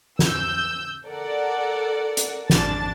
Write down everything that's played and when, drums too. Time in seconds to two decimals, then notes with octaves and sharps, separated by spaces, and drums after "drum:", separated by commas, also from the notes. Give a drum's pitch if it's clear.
0.19 E6 G6, drum: snare
1.06 A4 A#4 D5 F#5
2.17 drum: hi-hat
2.50 G#1 D4 A5 A6, drum: snare